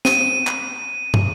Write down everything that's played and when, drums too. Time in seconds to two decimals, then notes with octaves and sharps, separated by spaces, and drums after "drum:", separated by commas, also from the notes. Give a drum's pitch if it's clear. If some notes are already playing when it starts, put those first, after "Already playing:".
0.05 D#7, drum: snare
0.47 drum: clap
1.14 drum: tom